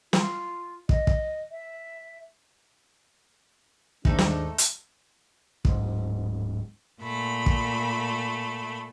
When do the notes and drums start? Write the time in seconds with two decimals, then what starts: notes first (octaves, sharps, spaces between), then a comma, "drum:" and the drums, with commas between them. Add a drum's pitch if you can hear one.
0.13 F4, drum: snare
0.89 D#5, drum: kick
1.07 drum: kick
1.51 E5
4.05 D#2 G#2 A3 D4 D#4 A4, drum: kick
4.18 drum: snare
4.58 drum: hi-hat
5.65 D1 G#2, drum: kick
7.02 A#2 A3 B5
7.46 drum: kick